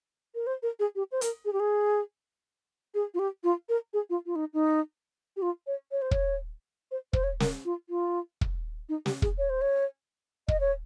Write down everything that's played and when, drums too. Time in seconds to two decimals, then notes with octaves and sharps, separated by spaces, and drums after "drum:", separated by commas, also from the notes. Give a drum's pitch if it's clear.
0.35 A#4
0.47 C5
0.63 A#4
0.79 G#4
0.96 G4
1.12 C5
1.21 A#4, drum: hi-hat
1.45 G#4
1.53 G4
1.60 G#4
2.94 G#4
3.14 F4
3.19 G4
3.44 F4
3.69 A#4
3.93 G#4
4.10 F4
4.26 F4
4.36 D#4
4.54 D#4
5.37 G4
5.42 F4
5.67 C#5
5.92 C#5
6.02 C5
6.11 C#5, drum: kick
6.91 C5
7.13 C5, drum: kick
7.24 C#5
7.40 A#4, drum: snare
7.65 F4
7.90 F4
8.41 drum: kick
8.89 D#4
9.06 G4, drum: snare
9.22 G#4, drum: kick
9.38 C#5
9.50 C5
9.61 C#5
10.48 D#5, drum: kick
10.60 C#5